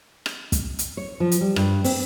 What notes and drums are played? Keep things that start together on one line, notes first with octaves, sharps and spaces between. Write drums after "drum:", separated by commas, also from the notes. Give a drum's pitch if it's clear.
drum: rim click
drum: kick, hi-hat
drum: hi-hat
C#5
F3
drum: hi-hat
G3
G2, drum: rim click
C4, drum: open hi-hat